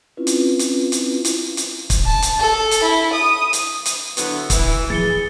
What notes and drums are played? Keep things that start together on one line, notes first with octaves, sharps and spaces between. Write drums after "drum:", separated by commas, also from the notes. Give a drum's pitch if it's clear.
C4 C#4 E4 F4 B4
drum: hi-hat
drum: hi-hat
drum: hi-hat
drum: hi-hat
drum: hi-hat
drum: kick, hi-hat
A5
drum: hi-hat
A4
drum: hi-hat
E4
D#6
drum: hi-hat
drum: hi-hat
D3 F#3 B3 E4, drum: hi-hat
E3, drum: kick, hi-hat
F3 G#4 A6 C#7 G7